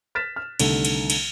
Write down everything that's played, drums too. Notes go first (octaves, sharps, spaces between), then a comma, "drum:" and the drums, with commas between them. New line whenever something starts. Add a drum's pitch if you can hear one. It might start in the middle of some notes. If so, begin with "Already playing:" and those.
F6 A6 B6 E7
F6
C2 D3 D#3 A3, drum: cymbal
drum: cymbal
drum: cymbal